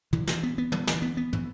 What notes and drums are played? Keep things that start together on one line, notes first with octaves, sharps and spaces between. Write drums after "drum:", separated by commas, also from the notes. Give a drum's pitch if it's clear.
E3, drum: tom
E3, drum: snare
B3
B3
E3, drum: tom
E3, drum: snare
B3
B3
E3, drum: tom